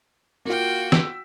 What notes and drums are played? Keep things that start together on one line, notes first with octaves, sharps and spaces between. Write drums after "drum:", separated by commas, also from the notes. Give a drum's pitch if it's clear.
A#3 F4 F#4 G5
E6 B6, drum: snare